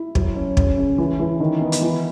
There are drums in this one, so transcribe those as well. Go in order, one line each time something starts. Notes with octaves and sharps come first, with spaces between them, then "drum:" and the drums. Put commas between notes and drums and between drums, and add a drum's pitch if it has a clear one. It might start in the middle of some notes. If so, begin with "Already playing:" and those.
Already playing: E4
F#3, drum: kick
C#4
C#3, drum: kick
C#3
E3
E3
D#3
B3
drum: hi-hat
E3